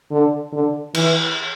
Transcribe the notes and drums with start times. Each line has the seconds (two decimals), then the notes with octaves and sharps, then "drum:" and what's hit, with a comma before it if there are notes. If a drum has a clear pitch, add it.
0.11 D3
0.53 D3
0.95 E3, drum: cymbal